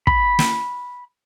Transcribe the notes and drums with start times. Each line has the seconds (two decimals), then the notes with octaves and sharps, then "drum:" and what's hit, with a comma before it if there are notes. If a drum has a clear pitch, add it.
0.07 B5, drum: kick
0.39 drum: snare